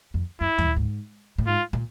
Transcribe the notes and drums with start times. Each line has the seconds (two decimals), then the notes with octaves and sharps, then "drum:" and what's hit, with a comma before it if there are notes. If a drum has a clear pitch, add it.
0.14 F2
0.41 F#2 E4
0.58 G2, drum: tom D2
0.76 G#2
1.38 A2
1.47 G#2 F4
1.73 A#2